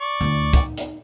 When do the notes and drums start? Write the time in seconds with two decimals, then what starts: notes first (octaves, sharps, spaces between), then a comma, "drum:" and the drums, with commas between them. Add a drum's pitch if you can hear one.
0.01 D5 C#6
0.21 D2 E4
0.53 D#4, drum: kick C2, hi-hat
0.78 drum: hi-hat